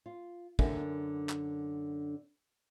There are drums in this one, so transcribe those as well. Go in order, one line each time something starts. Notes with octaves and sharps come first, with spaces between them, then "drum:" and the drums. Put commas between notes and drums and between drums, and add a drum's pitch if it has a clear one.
F4
F#2 D3 D4 A#4 E5 G#5, drum: kick
drum: clap